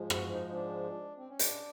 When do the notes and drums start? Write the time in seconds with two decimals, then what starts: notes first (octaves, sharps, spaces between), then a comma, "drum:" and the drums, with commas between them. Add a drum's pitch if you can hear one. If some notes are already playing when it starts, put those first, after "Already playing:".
Already playing: G#2 F3 G#3
0.10 F#4, drum: rim click
0.32 D#4
0.53 D4
1.17 C4
1.29 C#4
1.39 D4, drum: hi-hat